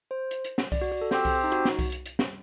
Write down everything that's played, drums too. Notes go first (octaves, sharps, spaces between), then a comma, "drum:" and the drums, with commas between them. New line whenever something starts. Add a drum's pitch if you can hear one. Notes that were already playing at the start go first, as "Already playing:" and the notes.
C5
drum: hi-hat
drum: hi-hat
drum: snare
D5, drum: kick C2, open hi-hat
F#4
F#4
A4
C4 G4 C5, drum: snare
drum: kick C2, open hi-hat
D#4
F#4, drum: hi-hat
drum: snare
drum: kick C2, open hi-hat
drum: hi-hat
drum: hi-hat
drum: snare